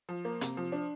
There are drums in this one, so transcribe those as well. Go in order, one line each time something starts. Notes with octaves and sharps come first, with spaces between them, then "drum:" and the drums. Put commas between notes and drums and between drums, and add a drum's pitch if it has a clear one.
F3
A#3
C3, drum: hi-hat
F3
D4